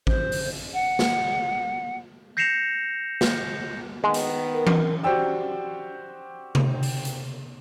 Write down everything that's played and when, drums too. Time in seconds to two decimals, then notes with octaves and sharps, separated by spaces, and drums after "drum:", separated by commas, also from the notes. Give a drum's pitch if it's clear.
0.07 C5, drum: kick A1
0.32 drum: open hi-hat
0.74 F#5
0.99 drum: snare
2.37 G6 A#6 C7 C#7 E7 F7
3.21 drum: snare
4.04 D#3 G#3 B3
4.14 drum: hi-hat
4.54 A#4
4.67 drum: tom E3
5.03 F#4 G4 C5 D5 G5 E6
6.55 drum: tom C3
6.83 drum: open hi-hat
7.05 drum: hi-hat